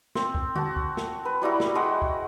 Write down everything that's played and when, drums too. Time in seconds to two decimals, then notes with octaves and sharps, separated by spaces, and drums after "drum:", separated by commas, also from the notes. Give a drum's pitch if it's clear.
0.15 C4, drum: snare
0.35 drum: kick C#2
0.55 F#4 A5, drum: tom D3
0.76 drum: kick C#2
0.97 drum: snare
1.25 B4
1.42 F#3 G3 E4 F#4
1.60 drum: snare
1.75 G#3 F#4 F#5 G5
2.02 drum: kick C#2